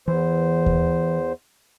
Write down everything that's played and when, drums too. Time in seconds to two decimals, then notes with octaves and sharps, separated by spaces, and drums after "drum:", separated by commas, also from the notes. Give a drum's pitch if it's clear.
0.08 E2 E3 C5
0.66 drum: kick D#2